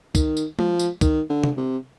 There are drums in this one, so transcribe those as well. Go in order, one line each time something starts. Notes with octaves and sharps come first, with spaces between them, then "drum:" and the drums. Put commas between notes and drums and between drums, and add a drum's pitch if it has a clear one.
D#3, drum: kick, tambourine
drum: tambourine
F3, drum: tom G#3
drum: tambourine
D#3, drum: kick, tambourine
D3
drum: tom C3
C3